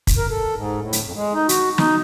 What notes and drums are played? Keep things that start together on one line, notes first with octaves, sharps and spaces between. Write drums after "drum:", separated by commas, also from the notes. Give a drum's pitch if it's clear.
drum: kick, hi-hat
A#4
A4
G#2
A2
drum: hi-hat
F2
G#3
D#4
F#4, drum: hi-hat
D#4, drum: snare